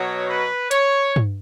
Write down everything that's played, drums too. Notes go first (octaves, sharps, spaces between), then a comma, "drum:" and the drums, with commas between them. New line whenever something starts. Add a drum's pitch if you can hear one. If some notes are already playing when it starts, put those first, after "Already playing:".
Already playing: B2 F#3 C#5
B4
C#5, drum: hi-hat
drum: tom G2